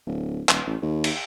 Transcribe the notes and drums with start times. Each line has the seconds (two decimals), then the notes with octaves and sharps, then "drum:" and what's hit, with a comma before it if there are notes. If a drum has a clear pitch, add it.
0.07 D1
0.49 D#1, drum: clap
0.66 A1
0.82 D#2
1.04 drum: cymbal